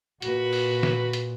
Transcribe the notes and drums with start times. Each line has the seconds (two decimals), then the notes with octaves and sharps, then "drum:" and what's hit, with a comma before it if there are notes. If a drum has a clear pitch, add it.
0.22 A#2 F#4 B4, drum: hi-hat
0.53 drum: open hi-hat
0.83 drum: snare
1.13 drum: hi-hat